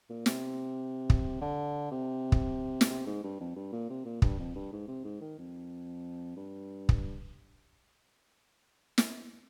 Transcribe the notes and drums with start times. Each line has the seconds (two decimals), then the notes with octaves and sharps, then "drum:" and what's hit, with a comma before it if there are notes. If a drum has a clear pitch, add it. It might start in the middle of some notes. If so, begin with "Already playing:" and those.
0.09 A#2
0.26 C3, drum: snare
1.10 drum: kick
1.41 D3
1.91 C3
2.32 drum: kick
2.81 drum: snare
2.90 C3
3.06 G#2
3.24 G2
3.40 F2
3.56 G2
3.73 A#2
3.90 C3
4.05 A#2
4.22 G2, drum: kick
4.39 F2
4.55 G2
4.72 G#2
4.88 C3
5.04 G#2
5.21 D#3
5.39 F2
6.36 G2
6.89 drum: kick
8.98 drum: snare